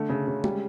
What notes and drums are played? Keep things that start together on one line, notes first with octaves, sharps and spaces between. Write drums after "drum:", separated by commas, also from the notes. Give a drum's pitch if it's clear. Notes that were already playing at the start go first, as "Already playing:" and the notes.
Already playing: D3 A3
C#3
C#3
G3, drum: tom